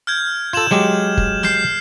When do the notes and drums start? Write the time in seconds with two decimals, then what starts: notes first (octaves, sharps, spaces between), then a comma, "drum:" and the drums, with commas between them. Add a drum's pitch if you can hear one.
0.07 F6 G6 G#6
0.53 F4 A4 G#6 E7 F#7
0.71 F#3 G#3 G4
1.17 drum: kick F1
1.43 F6 G6 C7, drum: snare